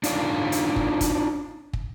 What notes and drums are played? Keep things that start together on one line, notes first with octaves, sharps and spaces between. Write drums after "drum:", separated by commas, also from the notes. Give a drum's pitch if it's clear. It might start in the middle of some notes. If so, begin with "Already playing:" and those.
D4 D#4 F4 C#5 D5, drum: hi-hat
drum: hi-hat
drum: kick
drum: kick, hi-hat
drum: kick